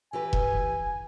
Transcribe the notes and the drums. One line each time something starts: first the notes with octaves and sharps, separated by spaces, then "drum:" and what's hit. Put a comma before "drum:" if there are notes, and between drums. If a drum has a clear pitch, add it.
E3 G4 B4 G#5
drum: kick E1